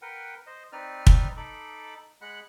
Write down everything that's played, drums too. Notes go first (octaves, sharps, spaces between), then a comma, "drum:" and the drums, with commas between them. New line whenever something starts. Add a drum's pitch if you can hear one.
A#4 B4 F#5 G5
C5 D#5
C4 D#4 B4 D5 F6
drum: kick
D#4 A4 B5 D6
G#3 F#5 B5 F#6